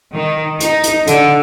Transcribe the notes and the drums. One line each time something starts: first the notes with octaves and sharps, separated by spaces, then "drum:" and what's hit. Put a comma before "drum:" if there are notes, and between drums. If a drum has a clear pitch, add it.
D#3
D#4, drum: hi-hat
drum: hi-hat
D3, drum: hi-hat